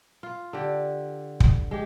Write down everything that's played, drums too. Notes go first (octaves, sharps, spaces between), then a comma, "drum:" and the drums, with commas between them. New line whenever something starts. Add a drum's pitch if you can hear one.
F4
D3 G4
drum: kick
G#3 G4